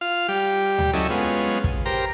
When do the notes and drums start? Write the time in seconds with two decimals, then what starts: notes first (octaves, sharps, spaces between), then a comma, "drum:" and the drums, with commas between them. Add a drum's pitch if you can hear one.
0.01 F4 F5 F6
0.29 G3 G4
0.78 drum: tom D2
0.93 F#3 C#4 E4 A4 D#5
1.10 G#3 B3 C#4 F4
1.64 drum: kick
1.86 G4 A#4 C5 A#5